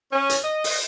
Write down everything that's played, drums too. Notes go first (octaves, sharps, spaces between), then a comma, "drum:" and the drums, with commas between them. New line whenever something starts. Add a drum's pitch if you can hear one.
C#4
drum: hi-hat
D#5
drum: open hi-hat